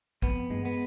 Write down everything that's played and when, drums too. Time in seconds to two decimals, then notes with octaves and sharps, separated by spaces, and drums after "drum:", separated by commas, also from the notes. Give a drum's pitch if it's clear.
0.22 F2 B3, drum: kick
0.50 G#3, drum: tom G2
0.65 B3